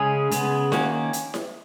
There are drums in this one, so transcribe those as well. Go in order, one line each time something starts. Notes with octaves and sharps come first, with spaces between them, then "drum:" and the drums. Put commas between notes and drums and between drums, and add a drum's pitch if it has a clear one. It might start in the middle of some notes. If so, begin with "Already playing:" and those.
Already playing: C#3 G#3 C#4 G#4
C#3 G#3 B3, drum: hi-hat
D#3 A#3 C#4 F#4, drum: snare E4
drum: hi-hat
drum: snare E4